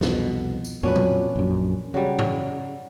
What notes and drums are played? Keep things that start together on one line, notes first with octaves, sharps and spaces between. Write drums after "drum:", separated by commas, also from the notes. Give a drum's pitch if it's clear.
C2 F2 B2, drum: snare
drum: tambourine
F2 A#2 F#3 C#4 D4 B4
drum: tom B2
A#1 F#2
C#3 F#3 G3
drum: tom G#2